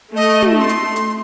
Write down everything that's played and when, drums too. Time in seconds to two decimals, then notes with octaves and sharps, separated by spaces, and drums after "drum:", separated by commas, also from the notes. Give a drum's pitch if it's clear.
0.16 A3 D#5
0.42 drum: tom
0.59 C6
0.69 drum: hi-hat
0.96 drum: hi-hat